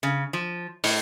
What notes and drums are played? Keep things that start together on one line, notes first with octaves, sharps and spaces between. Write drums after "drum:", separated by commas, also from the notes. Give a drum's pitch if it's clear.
C#3
F3
A2, drum: open hi-hat